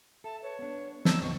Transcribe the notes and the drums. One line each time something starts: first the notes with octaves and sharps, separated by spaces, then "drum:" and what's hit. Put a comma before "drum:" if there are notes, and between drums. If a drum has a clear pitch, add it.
A4 E5 A5
B4 C#5
B3 D4
D#4 C5 A5 E6, drum: snare
C#2 G2 D#5 C#6